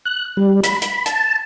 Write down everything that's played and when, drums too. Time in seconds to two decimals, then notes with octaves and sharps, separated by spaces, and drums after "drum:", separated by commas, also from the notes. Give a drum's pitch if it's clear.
0.05 F#6
0.37 G3
0.63 B5, drum: hi-hat
0.82 B5, drum: hi-hat
1.06 A5, drum: hi-hat